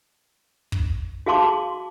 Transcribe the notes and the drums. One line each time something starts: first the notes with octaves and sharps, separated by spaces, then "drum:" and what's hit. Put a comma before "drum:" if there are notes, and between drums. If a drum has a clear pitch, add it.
drum: kick
F#4 G#4 F5 A5 C6 D6